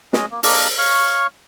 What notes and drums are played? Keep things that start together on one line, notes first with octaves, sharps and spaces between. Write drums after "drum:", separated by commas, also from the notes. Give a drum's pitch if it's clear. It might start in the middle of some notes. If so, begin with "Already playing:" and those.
G#3 C#4 G#4 D#5, drum: snare
A#3
A#3 D4 A#4 D#5, drum: open hi-hat
C#5 F5 C#6